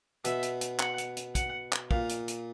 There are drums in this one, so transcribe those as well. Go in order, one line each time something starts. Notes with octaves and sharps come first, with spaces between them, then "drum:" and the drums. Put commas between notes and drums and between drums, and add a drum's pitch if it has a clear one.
B2 E5, drum: hi-hat
drum: hi-hat
drum: hi-hat
F#5, drum: clap
drum: hi-hat
drum: hi-hat
F#5, drum: kick, hi-hat
drum: clap
A#2 F5, drum: kick
drum: hi-hat
drum: hi-hat